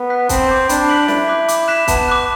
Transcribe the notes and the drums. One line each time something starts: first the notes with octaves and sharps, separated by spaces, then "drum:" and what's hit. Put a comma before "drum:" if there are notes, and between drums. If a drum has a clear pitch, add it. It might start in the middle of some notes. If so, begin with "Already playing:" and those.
Already playing: B3
F#6 B6
C4 A5, drum: kick, hi-hat
D6 G6
D4 B5, drum: hi-hat
F#6 B6 D7 F#7
E4 B5, drum: snare
D6 F#6 B6
D6, drum: hi-hat
F#6 B6 E7
B3 A5, drum: kick, hi-hat
D6 F#6